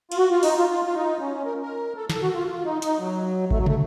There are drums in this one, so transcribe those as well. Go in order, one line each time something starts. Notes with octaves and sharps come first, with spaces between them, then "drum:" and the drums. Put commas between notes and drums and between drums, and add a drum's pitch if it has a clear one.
F4, drum: cymbal
F#4
F4
D#4, drum: open hi-hat
F4
F4
F4
D#4
C#4
A#4
A#4
A4
A4, drum: snare
F#4
F4
F4
D#4
D#4, drum: hi-hat
F#3
A3, drum: kick G#1
F#3
A3, drum: tom